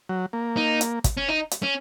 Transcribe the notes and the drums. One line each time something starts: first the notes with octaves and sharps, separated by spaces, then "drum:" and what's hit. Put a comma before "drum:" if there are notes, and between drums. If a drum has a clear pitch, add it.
F#3
A#3
D#4
drum: hi-hat
drum: kick, hi-hat
C#4
D#4
drum: hi-hat
C#4